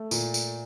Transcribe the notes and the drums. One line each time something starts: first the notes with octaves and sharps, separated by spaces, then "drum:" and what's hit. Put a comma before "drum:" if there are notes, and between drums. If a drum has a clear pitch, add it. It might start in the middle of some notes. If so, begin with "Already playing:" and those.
Already playing: A3
A#2, drum: tambourine
drum: tambourine